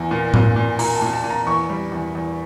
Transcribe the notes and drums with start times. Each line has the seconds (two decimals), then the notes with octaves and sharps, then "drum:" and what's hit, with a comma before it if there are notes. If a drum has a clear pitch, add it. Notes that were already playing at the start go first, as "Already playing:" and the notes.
Already playing: E2
0.11 A#2
0.34 A#2, drum: tom A2
0.56 A#2
0.79 A#2 A#5, drum: open hi-hat
0.96 A5
1.02 A#2
1.13 A5
1.24 A#2
1.30 A#5
1.47 E2 C#6
1.69 G3
1.92 E2
2.15 E2